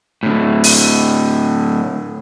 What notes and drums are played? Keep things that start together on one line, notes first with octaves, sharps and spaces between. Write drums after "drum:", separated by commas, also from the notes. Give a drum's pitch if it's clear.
A2 D3
drum: open hi-hat